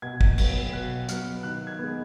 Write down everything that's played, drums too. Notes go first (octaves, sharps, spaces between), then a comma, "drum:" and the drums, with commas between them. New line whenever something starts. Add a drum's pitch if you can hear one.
B2 G#6
drum: kick
F#3 B3, drum: cymbal
B2 F#6
F#3 B3 F6, drum: hi-hat
D#3 F#6
G#6
G#3 B3